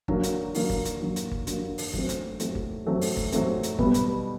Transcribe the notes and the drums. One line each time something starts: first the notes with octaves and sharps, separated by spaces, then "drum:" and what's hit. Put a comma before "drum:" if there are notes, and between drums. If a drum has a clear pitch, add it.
D3 F#3 A#3, drum: kick G1
drum: hi-hat
D3 F#3 A#3, drum: open hi-hat
drum: kick G1
drum: hi-hat
D3 F#3 A#3
drum: hi-hat
drum: kick G1
D3 F#3 A#3, drum: hi-hat
drum: open hi-hat
F#3 A3 C4, drum: kick G1
drum: hi-hat
F#3 A3 C4, drum: hi-hat
drum: kick G1
F#3 A3 C4
drum: open hi-hat
drum: kick G1
F#3 A3 C4, drum: hi-hat
drum: hi-hat
B2 G3 B3, drum: kick G1
drum: hi-hat